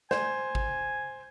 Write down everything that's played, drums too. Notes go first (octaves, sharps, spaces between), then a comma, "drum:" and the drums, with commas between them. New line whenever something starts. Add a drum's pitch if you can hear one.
C5 G#5, drum: snare
drum: kick